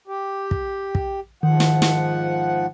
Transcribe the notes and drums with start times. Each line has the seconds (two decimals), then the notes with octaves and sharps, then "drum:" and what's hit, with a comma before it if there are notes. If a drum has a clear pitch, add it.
0.08 G4
0.51 drum: kick
0.95 drum: kick
1.43 G#2 D#3 F3 F#5
1.60 drum: snare
1.82 drum: snare